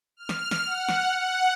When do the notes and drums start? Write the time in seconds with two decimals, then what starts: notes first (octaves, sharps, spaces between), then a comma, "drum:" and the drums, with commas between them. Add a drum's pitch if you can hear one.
0.17 F6
0.29 drum: snare
0.51 drum: snare
0.66 F#5
0.89 drum: snare
1.19 F#5